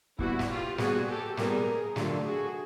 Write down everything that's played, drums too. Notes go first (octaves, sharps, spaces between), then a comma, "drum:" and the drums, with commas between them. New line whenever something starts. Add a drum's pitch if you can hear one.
A#2 G3 B3 E4 F#4, drum: kick
drum: snare
F4 G4
A#2 G3 B3 F#4 G#4, drum: snare
G4 A4
A#2 G3 B3 G#4 A#4, drum: snare
D3 F#3 A3 D4 F4 G4 A4, drum: snare
F#4 G#4